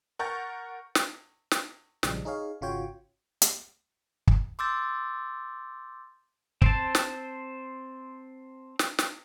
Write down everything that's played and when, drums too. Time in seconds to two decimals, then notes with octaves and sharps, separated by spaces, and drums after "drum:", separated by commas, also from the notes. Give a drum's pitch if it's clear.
0.19 A#4 F#5 C#6 F6 G6 A6
0.95 drum: snare
1.51 drum: snare
2.03 A#1 C#3 F3 G3 G#3, drum: snare
2.25 D#4 G#4 C#5 F5
2.61 G#1 C#3 F4 F#4 C#5 G5
3.42 drum: hi-hat
4.27 drum: kick
4.59 C6 D6 E6 G6 A6
6.62 C4 C5 A5, drum: kick
6.95 drum: snare
8.79 drum: snare
8.99 drum: snare